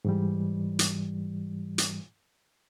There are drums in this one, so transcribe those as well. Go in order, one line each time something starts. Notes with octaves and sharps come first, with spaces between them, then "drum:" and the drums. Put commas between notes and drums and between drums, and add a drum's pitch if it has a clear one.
G#2 E3 G3
drum: hi-hat
drum: hi-hat